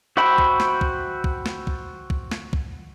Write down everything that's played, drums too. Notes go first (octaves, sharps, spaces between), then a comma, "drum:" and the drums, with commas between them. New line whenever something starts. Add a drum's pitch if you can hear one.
F#4 C5 E5 G5 B5
drum: kick
drum: snare
drum: kick
drum: kick
drum: snare
drum: kick
drum: kick
drum: snare
drum: kick